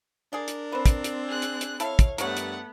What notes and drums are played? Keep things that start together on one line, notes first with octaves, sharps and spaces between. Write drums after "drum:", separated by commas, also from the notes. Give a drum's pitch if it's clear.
D4 G#4 A#4 D5
drum: hi-hat
C4 B4 C5
drum: kick, hi-hat
drum: hi-hat
G#4 F#6
drum: hi-hat
drum: hi-hat
E4 A4 C#5 F5, drum: hi-hat
drum: kick, hi-hat
G2 A3 B3 A#4 C#5 F#5, drum: hi-hat
drum: hi-hat